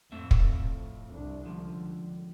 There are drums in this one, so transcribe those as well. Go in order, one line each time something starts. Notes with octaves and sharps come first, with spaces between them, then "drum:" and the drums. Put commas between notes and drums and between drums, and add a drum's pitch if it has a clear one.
F2 A2 A3 C4 E5
drum: kick
C2 D4
C#2 D3 F3